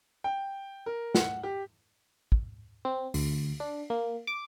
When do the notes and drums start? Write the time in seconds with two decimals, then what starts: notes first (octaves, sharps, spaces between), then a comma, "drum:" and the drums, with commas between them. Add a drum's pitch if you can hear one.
0.24 G5
0.86 A#4
1.15 F#5, drum: snare
1.43 G4
2.32 drum: kick
2.85 C4
3.14 D2, drum: open hi-hat
3.60 D4
3.90 A#3
4.27 D6